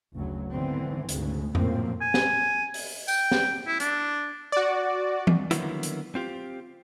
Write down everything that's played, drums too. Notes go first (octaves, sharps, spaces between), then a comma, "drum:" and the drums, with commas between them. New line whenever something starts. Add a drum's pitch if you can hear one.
F#1 D2 F#3
G#2 D3 E3 B3 C4
D2 G#2 C#3, drum: hi-hat
A#1 F#2 A2 F3 A#3 C4, drum: tom F2
G#5
drum: snare
drum: open hi-hat
G5, drum: tambourine
drum: snare
E4
D4, drum: hi-hat
F#4 D5
drum: tom E3
D3 D#3 F#3 A#3 B3 E4, drum: hi-hat
drum: hi-hat
C4 F4 G4